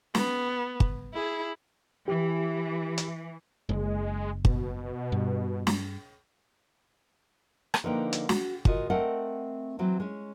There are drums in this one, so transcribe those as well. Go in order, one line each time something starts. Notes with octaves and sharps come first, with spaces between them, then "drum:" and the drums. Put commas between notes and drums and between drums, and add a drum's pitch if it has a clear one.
B3, drum: snare
drum: kick
E4 G#4
E3 G4
drum: hi-hat
F#1 G#3
B2, drum: kick
G2
drum: snare
drum: rim click
D3 F3 A#3 D#4 B4 G5
drum: hi-hat
F#4, drum: snare
F4 F#4 G#4 A#4 D#5, drum: kick
A3 C4 A#4 D#5 F#5
E3 F#3 C4
G#3 C#4